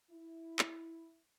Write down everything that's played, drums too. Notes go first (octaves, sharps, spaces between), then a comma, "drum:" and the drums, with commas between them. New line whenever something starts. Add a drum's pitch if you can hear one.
E4
drum: clap